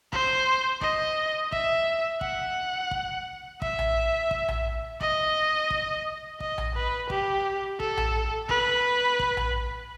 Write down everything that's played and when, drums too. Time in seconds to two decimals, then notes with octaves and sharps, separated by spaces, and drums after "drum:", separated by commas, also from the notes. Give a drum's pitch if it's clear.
0.13 C5, drum: kick
0.81 D#5, drum: kick
1.52 E5, drum: kick
2.21 F#5, drum: kick
2.91 drum: kick
3.62 E5, drum: kick
3.79 drum: tom A#1
4.31 drum: kick
4.48 drum: tom A#1
5.01 D#5, drum: kick
5.70 drum: kick
6.40 D#5, drum: kick
6.58 drum: tom A#1
6.76 B4
7.10 G4, drum: kick
7.80 A4, drum: kick
7.97 drum: tom A#1
8.49 B4, drum: kick
9.19 drum: kick
9.37 drum: tom A#1